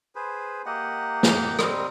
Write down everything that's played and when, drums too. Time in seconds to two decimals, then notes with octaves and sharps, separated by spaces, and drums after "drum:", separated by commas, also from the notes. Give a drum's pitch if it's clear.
0.15 G#4 B4 C5
0.66 A#3 G4 D#5 F#5
1.23 drum: snare
1.59 G3 C4 A#4 D#5, drum: rim click